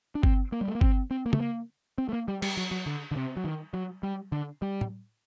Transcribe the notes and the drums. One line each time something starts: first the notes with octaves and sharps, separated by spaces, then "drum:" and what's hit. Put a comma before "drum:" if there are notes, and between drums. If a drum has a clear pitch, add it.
D4
C4, drum: kick G1
A#3
G3
A3
A#3
C4, drum: kick G1
C4
A#3
A3, drum: tom
A#3
C4
A3
A#3
G3
G3, drum: cymbal
F#3
F#3
D3
D3
C3
F#3
D#3
F#3
G3
D3
G3
drum: tom